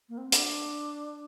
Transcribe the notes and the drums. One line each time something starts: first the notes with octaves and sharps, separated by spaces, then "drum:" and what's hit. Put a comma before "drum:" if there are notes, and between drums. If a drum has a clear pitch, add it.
A#3
C4
D4, drum: hi-hat